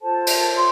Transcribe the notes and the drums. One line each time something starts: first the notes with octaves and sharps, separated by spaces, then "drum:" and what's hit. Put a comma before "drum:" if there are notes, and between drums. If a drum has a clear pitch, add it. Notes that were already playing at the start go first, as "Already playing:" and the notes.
F4 A4 C5 A5
drum: cymbal
C6